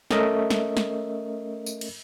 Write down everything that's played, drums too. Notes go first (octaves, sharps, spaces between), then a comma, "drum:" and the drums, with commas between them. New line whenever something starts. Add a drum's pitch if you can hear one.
A3 C#4 A#4 D#5 E5, drum: snare
drum: snare
drum: snare
drum: tambourine
drum: cymbal